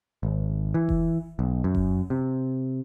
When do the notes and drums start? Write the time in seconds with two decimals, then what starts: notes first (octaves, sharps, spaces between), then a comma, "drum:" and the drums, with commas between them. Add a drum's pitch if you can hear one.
0.23 G#1
0.74 E3
0.89 drum: kick F1
1.39 B1
1.64 F#2
1.75 drum: kick F1
2.10 C3